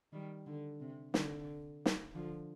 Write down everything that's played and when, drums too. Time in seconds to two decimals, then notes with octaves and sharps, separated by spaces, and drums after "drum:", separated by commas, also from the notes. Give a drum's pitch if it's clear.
0.12 D#3 G3
0.46 D3
0.80 C3
1.14 D3, drum: snare
1.86 drum: snare
2.15 D3 F3